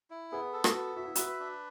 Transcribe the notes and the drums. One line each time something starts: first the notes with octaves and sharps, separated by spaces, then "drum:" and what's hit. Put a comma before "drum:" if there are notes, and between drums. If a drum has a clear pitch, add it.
E4
B3 G#4
A4
F#4, drum: rim click
B3
F#4 E5
E4
F#4 B4, drum: hi-hat
D4